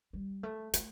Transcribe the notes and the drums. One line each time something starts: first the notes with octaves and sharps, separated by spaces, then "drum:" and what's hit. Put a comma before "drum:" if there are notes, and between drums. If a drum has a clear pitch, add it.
G3
A3
A3, drum: hi-hat